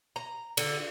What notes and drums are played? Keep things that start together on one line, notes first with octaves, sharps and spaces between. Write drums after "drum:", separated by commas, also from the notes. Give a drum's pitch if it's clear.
A#5
D3, drum: cymbal